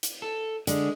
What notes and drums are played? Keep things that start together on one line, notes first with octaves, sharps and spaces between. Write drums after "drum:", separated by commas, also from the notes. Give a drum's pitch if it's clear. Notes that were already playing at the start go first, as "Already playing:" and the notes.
drum: hi-hat
A4
D3 G#3, drum: hi-hat